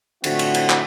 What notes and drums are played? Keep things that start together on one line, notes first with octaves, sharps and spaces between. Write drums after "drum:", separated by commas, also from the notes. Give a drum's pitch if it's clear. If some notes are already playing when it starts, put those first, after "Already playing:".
A2 D3 F3 C4 E4 F#4, drum: cymbal
drum: cymbal
drum: cymbal
drum: clap